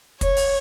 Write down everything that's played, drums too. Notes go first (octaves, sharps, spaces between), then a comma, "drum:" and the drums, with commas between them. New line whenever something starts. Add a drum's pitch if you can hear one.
C#5, drum: kick, hi-hat
drum: open hi-hat